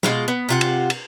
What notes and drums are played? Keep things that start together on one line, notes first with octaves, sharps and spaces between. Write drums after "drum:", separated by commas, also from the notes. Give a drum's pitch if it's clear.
B2 G#3 F4, drum: snare
B3
C3 F4 F#5
drum: cymbal
drum: cymbal